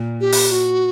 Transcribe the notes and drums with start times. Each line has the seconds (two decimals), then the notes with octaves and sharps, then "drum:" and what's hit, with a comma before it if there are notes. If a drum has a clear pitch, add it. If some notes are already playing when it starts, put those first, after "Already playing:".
Already playing: A#2
0.21 G4
0.32 drum: open hi-hat
0.51 F#4